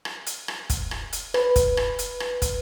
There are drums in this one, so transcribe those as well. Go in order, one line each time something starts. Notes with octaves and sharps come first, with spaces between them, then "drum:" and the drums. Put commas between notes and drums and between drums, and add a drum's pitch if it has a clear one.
drum: rim click
drum: hi-hat
drum: rim click
drum: kick, hi-hat
drum: rim click
drum: hi-hat
B4, drum: rim click
drum: kick, hi-hat
drum: rim click
drum: hi-hat
drum: rim click
drum: kick, hi-hat